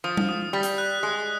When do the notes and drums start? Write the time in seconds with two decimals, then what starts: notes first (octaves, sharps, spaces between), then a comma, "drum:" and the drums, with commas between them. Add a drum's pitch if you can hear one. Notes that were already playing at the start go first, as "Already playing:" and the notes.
0.04 F3 D#6
0.17 drum: tom G3
0.29 D#6
0.53 G3 B6
0.63 drum: hi-hat
0.78 F#6
1.03 G#3 D#6